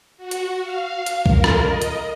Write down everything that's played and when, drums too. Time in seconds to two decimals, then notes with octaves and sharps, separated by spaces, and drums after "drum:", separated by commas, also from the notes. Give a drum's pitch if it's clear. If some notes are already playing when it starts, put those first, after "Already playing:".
0.18 F#4
0.31 drum: hi-hat
0.61 F5
1.06 drum: hi-hat
1.26 A#4, drum: kick C2
1.44 drum: rim click
1.63 D#5
1.82 drum: hi-hat